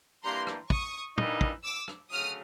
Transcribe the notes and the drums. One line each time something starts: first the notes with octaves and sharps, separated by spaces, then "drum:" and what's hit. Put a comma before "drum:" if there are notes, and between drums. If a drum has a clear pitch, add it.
G2 E3 G3 A#3 D4 A#5 C6
drum: rim click
C#6 D#6, drum: kick
G2 E3 G3 A#3 D#4, drum: tom
drum: kick
D6 E6
drum: rim click
D2 C#3 F#3 D#6 F6